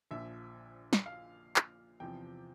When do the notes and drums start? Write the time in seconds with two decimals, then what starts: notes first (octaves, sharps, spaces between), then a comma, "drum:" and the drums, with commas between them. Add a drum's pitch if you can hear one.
0.11 A#1 A#2 F3 E5
0.93 drum: snare
1.06 F5
1.56 drum: clap
2.00 E2 C3 F3 G5